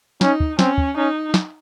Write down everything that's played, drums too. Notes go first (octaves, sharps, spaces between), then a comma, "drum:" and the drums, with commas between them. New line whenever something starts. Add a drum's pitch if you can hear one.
C#4 D#4, drum: snare
drum: kick
C4 C#4, drum: snare
drum: kick
C#4 D#4
drum: snare